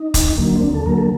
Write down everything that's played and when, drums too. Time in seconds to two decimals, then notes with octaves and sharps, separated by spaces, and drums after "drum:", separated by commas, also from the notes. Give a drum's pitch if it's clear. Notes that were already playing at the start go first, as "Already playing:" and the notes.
Already playing: D#4
0.14 D#2, drum: kick, hi-hat
0.38 D3 F#3 A#3
0.56 C4
0.62 D#2 D4
0.74 A4
0.86 D3 F#3 A#3 A#4
0.98 A4